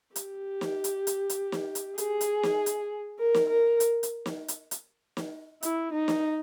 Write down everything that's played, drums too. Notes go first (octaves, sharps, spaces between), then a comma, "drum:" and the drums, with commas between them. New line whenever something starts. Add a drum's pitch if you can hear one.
G4, drum: hi-hat
drum: snare
drum: hi-hat
drum: hi-hat
drum: hi-hat
drum: snare
drum: hi-hat
G#4, drum: hi-hat
drum: hi-hat
drum: snare
drum: hi-hat
A#4
drum: snare
A#4
drum: hi-hat
drum: hi-hat
drum: snare
drum: hi-hat
drum: hi-hat
drum: snare
E4, drum: hi-hat
D#4
drum: snare